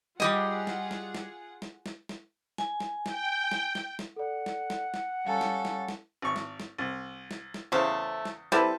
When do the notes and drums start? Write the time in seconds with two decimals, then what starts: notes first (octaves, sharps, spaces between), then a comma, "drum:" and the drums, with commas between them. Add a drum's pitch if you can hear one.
0.20 G3 F4 G4 G#4 D#5 F#5, drum: snare
0.67 drum: snare
0.91 drum: snare
1.15 drum: snare
1.62 drum: snare
1.86 drum: snare
2.09 drum: snare
2.58 G#5, drum: snare
2.80 drum: snare
3.06 G5, drum: snare
3.52 drum: snare
3.75 drum: snare
3.99 drum: snare
4.16 A4 D5 F#5
4.46 drum: snare
4.70 drum: snare
4.94 drum: snare
5.26 G3 C#4 A4 F5 G#5 A#5
5.41 drum: snare
5.65 drum: snare
5.88 drum: snare
6.22 G#1 C#6
6.36 drum: snare
6.60 drum: snare
6.78 C2
7.31 drum: snare
7.54 drum: snare
7.72 E2 C#3 A3 C5 F5
8.25 drum: snare
8.52 G3 C4 E4 A4 B4, drum: snare